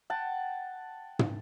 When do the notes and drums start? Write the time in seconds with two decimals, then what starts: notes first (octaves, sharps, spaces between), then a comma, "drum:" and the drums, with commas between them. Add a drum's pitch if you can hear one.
0.10 F#5 G5 A5
1.19 drum: tom